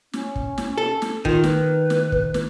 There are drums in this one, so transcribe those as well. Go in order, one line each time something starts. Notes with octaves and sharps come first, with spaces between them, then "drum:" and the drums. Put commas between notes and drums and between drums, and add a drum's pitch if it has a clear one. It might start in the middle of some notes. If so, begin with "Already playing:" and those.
C#4, drum: snare
drum: kick
drum: snare
A4
drum: snare
D#3 F4, drum: kick
B4, drum: snare
drum: snare
drum: kick
drum: snare